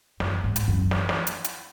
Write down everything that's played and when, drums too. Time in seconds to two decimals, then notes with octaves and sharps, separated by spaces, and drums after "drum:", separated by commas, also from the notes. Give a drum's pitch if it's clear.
0.20 F#2, drum: snare
0.44 G#2
0.56 drum: hi-hat
0.68 F#2
0.91 drum: snare
1.09 drum: snare
1.27 drum: hi-hat
1.44 drum: hi-hat